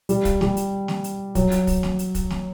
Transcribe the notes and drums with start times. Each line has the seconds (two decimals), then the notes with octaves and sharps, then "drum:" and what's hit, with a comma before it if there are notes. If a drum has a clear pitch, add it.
0.09 G3, drum: hi-hat
0.25 drum: kick, hi-hat
0.41 G3, drum: snare
0.57 drum: hi-hat
0.88 drum: snare
1.04 drum: hi-hat
1.35 F#3, drum: kick, hi-hat
1.51 drum: hi-hat
1.67 drum: kick, open hi-hat
1.83 drum: snare
1.99 drum: hi-hat
2.15 drum: kick, hi-hat
2.30 drum: snare